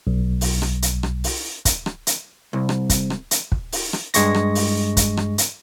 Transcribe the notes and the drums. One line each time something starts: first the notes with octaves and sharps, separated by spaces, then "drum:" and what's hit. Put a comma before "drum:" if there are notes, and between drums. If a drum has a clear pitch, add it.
B1
drum: open hi-hat
drum: rim click
drum: hi-hat
drum: rim click
drum: open hi-hat
drum: kick, hi-hat
drum: rim click
drum: hi-hat
C2
drum: rim click
drum: kick, hi-hat
drum: rim click
drum: hi-hat
drum: kick
drum: open hi-hat
drum: rim click
G2 G#3 C#6 A#6, drum: hi-hat
drum: rim click
drum: open hi-hat
drum: kick, hi-hat
drum: rim click
drum: hi-hat